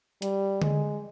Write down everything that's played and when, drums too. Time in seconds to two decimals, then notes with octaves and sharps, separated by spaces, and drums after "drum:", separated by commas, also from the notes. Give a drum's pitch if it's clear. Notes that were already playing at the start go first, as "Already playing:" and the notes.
0.22 G3, drum: hi-hat
0.62 G#3, drum: tom D3